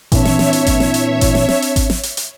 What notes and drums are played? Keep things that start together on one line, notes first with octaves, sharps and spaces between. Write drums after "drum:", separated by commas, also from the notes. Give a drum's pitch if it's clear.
A#2 E3 C4 D4 C#5 E5 A5, drum: kick G#1, hi-hat
drum: snare
drum: snare
drum: hi-hat
drum: kick G#1, hi-hat
drum: snare
drum: hi-hat
drum: kick G#1, hi-hat
drum: snare
drum: snare
drum: hi-hat
drum: kick G#1, hi-hat
drum: snare
drum: hi-hat
drum: hi-hat